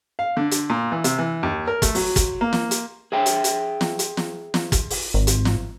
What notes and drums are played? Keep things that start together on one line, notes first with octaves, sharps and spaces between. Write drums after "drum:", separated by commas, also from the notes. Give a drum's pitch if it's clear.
F5
D3
drum: hi-hat
A#2
E3
C3, drum: hi-hat
E3
D#2
A#4
A3, drum: kick, hi-hat
F#3, drum: open hi-hat
drum: kick, hi-hat
A#3
drum: snare
drum: hi-hat
G#4 E5 G5
drum: hi-hat
drum: hi-hat
drum: snare
drum: hi-hat
drum: snare
drum: snare
drum: kick, hi-hat
drum: open hi-hat
G#1
drum: hi-hat
drum: snare